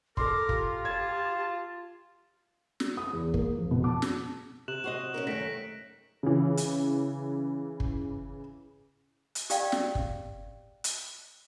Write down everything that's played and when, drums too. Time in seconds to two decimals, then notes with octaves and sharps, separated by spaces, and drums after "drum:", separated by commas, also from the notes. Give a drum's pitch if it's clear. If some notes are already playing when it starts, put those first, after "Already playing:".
0.17 A4 A#4 C6 D6, drum: kick
0.49 F4 G4, drum: kick
0.85 A5 G#6
2.80 drum: snare
2.97 D#6
3.13 E2
3.34 A#3, drum: kick
3.58 F2
3.71 B2
3.84 A5 D6
4.02 drum: snare
4.68 C3 F#6 E7 F#7
4.84 F#4 C5 D#5
5.14 C#4 D#4 A#4
5.27 F#2 D#3 A3 A#6 B6 D7
6.23 C#3 E3
6.57 drum: hi-hat
7.80 drum: kick
9.35 drum: hi-hat
9.50 G4 D5 F5 G5, drum: hi-hat
9.72 drum: snare
9.95 drum: kick
10.84 drum: hi-hat